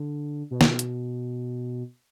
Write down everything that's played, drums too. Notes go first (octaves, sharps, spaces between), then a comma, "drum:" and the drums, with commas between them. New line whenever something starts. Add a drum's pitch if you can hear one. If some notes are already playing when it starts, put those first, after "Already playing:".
Already playing: D3
B2
drum: snare
drum: hi-hat